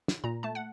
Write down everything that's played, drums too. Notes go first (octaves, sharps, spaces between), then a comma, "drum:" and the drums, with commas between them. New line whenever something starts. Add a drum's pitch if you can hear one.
drum: snare
A#2 A#5
A3 A5
F#5